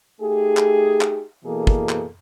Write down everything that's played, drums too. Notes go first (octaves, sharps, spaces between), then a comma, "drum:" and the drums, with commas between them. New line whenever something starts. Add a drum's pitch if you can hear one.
A3 D#4 G4 G#4
drum: clap
drum: clap
B2 E3 A#3 G#4 A4
drum: kick
drum: clap